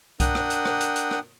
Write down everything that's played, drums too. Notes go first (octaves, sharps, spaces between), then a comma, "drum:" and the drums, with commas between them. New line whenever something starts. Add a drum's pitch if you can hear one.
D4 A#4 F#5 G5 D#6, drum: kick C2, hi-hat
drum: rim click
drum: hi-hat
drum: rim click
drum: hi-hat
drum: hi-hat
drum: rim click